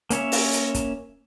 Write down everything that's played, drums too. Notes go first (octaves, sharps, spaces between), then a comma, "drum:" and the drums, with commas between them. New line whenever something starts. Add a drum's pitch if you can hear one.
A#3 C#4 C#5 E5, drum: hi-hat
drum: open hi-hat
drum: hi-hat
drum: kick, hi-hat